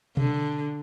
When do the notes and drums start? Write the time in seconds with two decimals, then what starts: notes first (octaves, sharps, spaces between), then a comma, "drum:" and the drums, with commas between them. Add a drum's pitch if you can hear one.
0.17 D3, drum: tom B2